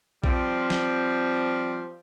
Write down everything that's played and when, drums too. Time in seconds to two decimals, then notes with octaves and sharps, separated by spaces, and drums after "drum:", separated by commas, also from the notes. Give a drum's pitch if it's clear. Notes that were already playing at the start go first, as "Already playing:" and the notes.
0.24 F3 G3 C4, drum: kick
0.70 drum: snare